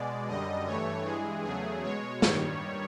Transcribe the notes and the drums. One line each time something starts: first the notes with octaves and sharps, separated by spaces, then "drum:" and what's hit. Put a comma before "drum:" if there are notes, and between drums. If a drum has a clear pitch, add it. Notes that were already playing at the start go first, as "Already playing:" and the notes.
Already playing: B2 G#3 D5
F#2 D3 G3 D#5
G2 E3 A3 C#5
G2 E3 G#3 G#4
E2 C#3 F#3 A3 G#4
B2 G#3 C#5
G2 D#3 G3, drum: snare